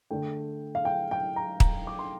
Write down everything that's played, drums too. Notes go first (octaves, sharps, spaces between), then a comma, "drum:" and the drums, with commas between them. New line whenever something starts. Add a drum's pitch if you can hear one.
D3 A3 G5
F5
G5
G5
A#5
A#5, drum: kick
D6
C6